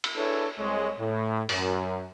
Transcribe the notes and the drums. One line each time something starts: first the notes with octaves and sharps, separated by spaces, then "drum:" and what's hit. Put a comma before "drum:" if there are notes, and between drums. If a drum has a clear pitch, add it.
drum: cymbal
D4 E4 G#4 A4 B4 C#5
C2 G#3 C#5
A2
F#2, drum: open hi-hat